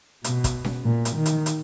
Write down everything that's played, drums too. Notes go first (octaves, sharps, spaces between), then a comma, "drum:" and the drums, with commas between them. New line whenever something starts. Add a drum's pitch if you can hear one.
B2, drum: hi-hat
drum: kick, hi-hat
drum: snare C#4
A#2
drum: hi-hat
D#3
drum: hi-hat
drum: hi-hat